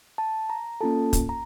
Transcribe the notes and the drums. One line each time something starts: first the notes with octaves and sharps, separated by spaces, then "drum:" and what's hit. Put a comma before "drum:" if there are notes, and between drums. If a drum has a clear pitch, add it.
A5
A#5
A#3 C#4 F4 A4 A5
drum: kick, hi-hat
A#5